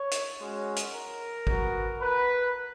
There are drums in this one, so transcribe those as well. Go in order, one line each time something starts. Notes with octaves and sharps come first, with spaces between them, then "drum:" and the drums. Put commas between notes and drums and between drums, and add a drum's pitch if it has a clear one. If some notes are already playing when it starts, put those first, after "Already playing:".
Already playing: C#5
drum: hi-hat
G#3 C#4 F#4
drum: hi-hat
A#4
B3 F#4, drum: kick
B4